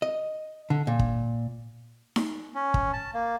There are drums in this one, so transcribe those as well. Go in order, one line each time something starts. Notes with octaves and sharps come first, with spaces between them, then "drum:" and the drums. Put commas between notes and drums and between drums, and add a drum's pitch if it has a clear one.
D#5
D3
A#2
drum: kick
drum: snare D#4
C#4
drum: kick
A5
A#3